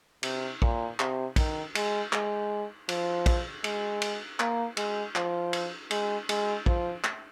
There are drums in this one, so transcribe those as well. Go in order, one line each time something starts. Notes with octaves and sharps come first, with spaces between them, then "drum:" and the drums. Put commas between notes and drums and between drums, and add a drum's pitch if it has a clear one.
C3, drum: cymbal
A#2, drum: kick
C3, drum: clap
D#3, drum: kick, cymbal
G#3, drum: cymbal
G#3, drum: clap
F3, drum: cymbal
drum: kick, cymbal
G#3, drum: cymbal
drum: cymbal
A#3, drum: clap
G#3, drum: cymbal
F3, drum: clap
drum: cymbal
G#3, drum: cymbal
G#3, drum: cymbal
F3, drum: kick
drum: clap